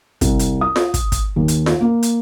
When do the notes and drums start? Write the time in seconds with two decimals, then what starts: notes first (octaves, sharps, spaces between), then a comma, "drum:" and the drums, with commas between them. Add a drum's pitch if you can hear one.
0.21 C2, drum: kick, hi-hat
0.39 drum: hi-hat
0.61 D#6
0.76 drum: snare F4
0.94 drum: kick, hi-hat
1.12 drum: kick, hi-hat
1.36 D#2
1.48 drum: hi-hat
1.66 drum: snare F4
1.81 A#3
2.03 drum: hi-hat